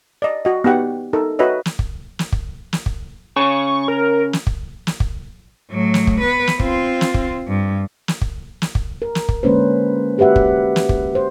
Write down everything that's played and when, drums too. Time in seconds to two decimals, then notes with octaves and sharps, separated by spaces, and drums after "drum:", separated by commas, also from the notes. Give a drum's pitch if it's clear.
0.22 D5 D#5
0.45 F#4 D#5
0.64 B3 D#4 G4 F#5
1.13 D#4 A4 A#4
1.39 F#4 B4 C#5 D#5 E5
1.66 drum: snare
1.79 drum: kick
2.19 drum: snare
2.32 drum: kick
2.73 drum: snare
2.86 drum: kick
3.36 C#3 C#5 G#5 C#6
3.88 A#4
4.33 drum: snare
4.47 drum: kick
4.87 drum: snare
5.00 drum: kick
5.71 A2 F#3
5.94 drum: snare
6.07 drum: kick
6.20 B3 B4
6.47 drum: snare
6.60 C4 F4, drum: kick
7.01 drum: snare
7.14 drum: kick
7.48 G2
8.08 drum: snare
8.21 drum: kick
8.62 drum: snare
8.75 drum: kick
9.02 A#4
9.15 drum: snare
9.29 drum: kick
9.43 D3 G#3 A#3 C#4 B4 C5
10.18 F#4 G4 B4 E5 F#5
10.36 drum: kick
10.76 drum: snare
10.89 drum: kick
11.15 C5